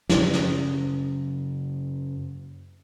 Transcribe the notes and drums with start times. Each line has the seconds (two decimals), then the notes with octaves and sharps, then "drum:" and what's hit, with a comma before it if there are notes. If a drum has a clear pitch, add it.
0.09 F#2 C#3, drum: snare
0.33 drum: snare